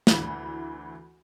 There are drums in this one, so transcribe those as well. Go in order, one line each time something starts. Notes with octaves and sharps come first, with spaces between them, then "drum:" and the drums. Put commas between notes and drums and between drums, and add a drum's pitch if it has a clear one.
D2 E3, drum: snare